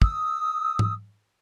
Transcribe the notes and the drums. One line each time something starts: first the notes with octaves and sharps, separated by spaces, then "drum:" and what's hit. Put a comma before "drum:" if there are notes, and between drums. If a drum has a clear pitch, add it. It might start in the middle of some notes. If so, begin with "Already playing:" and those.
D#6 E6, drum: kick
drum: tom G#2